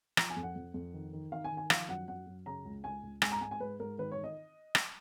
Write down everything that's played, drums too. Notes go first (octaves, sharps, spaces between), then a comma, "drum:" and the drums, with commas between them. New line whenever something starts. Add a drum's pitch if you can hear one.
F3 A#5, drum: rim click
G#5
F2
F#5
F2
F2
D#3
D#3
D#3 F5
G#5
D#3
G#5
F3 F5, drum: rim click
F#2 F#5
F#2 F#5
F#2
C#3 A#5
C#2
C#2 G#5
C#2
G#2 G#5, drum: rim click
A#5
G#2 G#5
G#5
G#2 B4
G#2 A#4
D#3 B4
C#5
D#3
D#5
drum: rim click